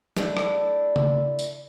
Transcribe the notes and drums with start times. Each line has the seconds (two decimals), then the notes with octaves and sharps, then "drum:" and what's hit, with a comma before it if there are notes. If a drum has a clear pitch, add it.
0.17 A3 D4 E4, drum: snare
0.37 drum: rim click
0.96 drum: tom C#3
1.39 drum: tambourine